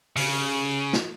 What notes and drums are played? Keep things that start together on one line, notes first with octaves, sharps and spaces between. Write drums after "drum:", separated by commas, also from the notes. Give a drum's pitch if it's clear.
C#3, drum: open hi-hat
drum: snare